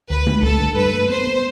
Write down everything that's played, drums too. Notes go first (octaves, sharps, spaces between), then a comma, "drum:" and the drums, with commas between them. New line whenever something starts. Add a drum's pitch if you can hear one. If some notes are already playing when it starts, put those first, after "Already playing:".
D2 B4
D3, drum: tom G#3
A3 A4, drum: kick
G2
G2 B4
A3
B3 C5
B3